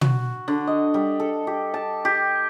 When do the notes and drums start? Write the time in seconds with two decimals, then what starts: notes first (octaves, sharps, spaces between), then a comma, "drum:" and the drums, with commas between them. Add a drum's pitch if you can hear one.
0.01 F#4, drum: tom
0.48 D3
0.67 D#5
0.94 G3
1.20 A4
1.47 G4
1.74 A5
2.05 G4